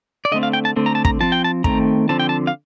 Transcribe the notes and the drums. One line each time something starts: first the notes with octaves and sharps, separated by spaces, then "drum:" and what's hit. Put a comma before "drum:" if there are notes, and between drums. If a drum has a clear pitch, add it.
D5
D3 A3 C4 D#5
F5
G5
A5
D3 A3 C4
A#5
A5
A#5, drum: kick
F3 C4 A5
G5
A5
D#3 A3 C4 A#5, drum: kick
D3 F3 C4 A5
G5
A5
F5